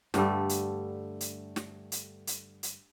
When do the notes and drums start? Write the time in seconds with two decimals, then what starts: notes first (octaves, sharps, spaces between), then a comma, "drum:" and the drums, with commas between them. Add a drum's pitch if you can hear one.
0.14 G2 D3 G3 A3, drum: snare
0.49 drum: hi-hat
1.21 drum: hi-hat
1.56 drum: snare
1.92 drum: hi-hat
2.27 drum: hi-hat
2.63 drum: hi-hat